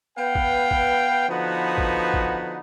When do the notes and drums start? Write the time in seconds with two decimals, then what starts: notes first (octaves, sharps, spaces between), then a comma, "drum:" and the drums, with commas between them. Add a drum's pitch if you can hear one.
0.17 B3 B4 F5 G5
0.35 drum: kick
0.71 drum: kick
1.29 D3 F3 B3 D#4 F#4 B4
1.78 drum: kick
2.14 drum: kick